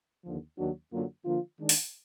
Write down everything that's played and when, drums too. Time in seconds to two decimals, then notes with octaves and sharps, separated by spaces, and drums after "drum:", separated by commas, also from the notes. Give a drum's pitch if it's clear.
0.23 D#2 D3 F3
0.57 D#2 D#3 F#3 D4 F#4
0.90 F#2 D3 F#3 A#3 F4
1.25 D3 F3 A#3 F4
1.59 D#3 G#3 D4
1.69 drum: open hi-hat